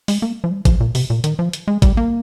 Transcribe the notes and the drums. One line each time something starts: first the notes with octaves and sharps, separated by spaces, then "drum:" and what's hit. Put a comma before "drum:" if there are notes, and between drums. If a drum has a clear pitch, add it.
G#3, drum: open hi-hat
A#3
F3
G3
F3, drum: kick G#1, hi-hat
A#2
C3, drum: open hi-hat
A#2
D#3, drum: hi-hat
F3
drum: hi-hat
G#3
G3, drum: kick G#1, hi-hat
A#3